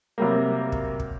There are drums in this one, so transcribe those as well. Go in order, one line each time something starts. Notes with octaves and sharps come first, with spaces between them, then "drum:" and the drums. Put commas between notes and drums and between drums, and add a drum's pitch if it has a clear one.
C3 F#3 G3 A#3
drum: kick
drum: kick